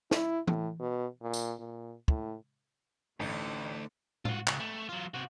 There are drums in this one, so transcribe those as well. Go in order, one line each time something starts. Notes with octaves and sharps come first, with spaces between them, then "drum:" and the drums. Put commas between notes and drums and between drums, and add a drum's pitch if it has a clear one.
E4, drum: snare
A2, drum: tom E3
B2
A#2
drum: tambourine
A#2
A2, drum: kick
A1 D2 D3 A3 D#4 C#7
F4 F#4, drum: tom A2
C#2, drum: clap
A3
F#3 F4
C3 F#4